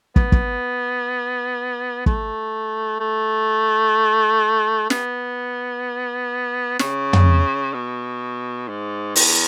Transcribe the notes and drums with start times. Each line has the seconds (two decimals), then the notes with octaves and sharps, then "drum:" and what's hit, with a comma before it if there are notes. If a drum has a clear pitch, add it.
0.16 B3, drum: kick
0.32 drum: kick
2.06 A3, drum: kick
3.00 A3
4.90 B3, drum: snare
6.79 C#3, drum: snare
7.13 drum: tom
7.74 B2
8.69 G#2
9.16 E2, drum: open hi-hat